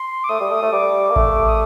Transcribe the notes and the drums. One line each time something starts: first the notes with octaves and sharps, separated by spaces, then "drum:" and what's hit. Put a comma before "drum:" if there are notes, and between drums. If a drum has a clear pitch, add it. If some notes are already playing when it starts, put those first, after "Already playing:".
Already playing: C6
D6
A3 D#6
G3
A3 D#6
A3
G3 D6
A#3
A3, drum: kick A1
D#6